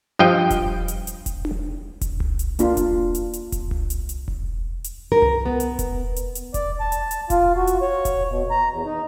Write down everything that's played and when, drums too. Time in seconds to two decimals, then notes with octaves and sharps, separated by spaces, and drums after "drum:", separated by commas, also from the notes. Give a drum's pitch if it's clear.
0.19 G2 F3 D#5 G5
0.50 drum: kick E1, hi-hat
0.88 drum: hi-hat
1.07 drum: hi-hat
1.26 drum: kick E1, hi-hat
1.45 drum: tom D4
2.01 drum: kick E1, hi-hat
2.20 drum: tom C2
2.39 drum: hi-hat
2.59 A#3 D4 F4, drum: hi-hat
2.77 drum: kick E1, hi-hat
3.15 drum: hi-hat
3.33 drum: hi-hat
3.52 drum: kick E1, hi-hat
3.71 drum: tom C2
3.90 drum: hi-hat
4.09 drum: hi-hat
4.28 drum: kick E1
4.84 drum: hi-hat
5.12 A#4
5.22 drum: tom C2
5.46 B3
5.60 drum: hi-hat
5.79 drum: kick E1, hi-hat
6.16 drum: hi-hat
6.35 drum: hi-hat
6.54 D5, drum: kick E1, hi-hat
6.80 A5
6.92 drum: hi-hat
7.11 drum: hi-hat
7.30 F4, drum: kick E1, hi-hat
7.56 F#4
7.67 drum: hi-hat
7.82 C#5
8.05 drum: kick E1, hi-hat
8.30 B2
8.51 A#5
8.72 E2
8.86 D#4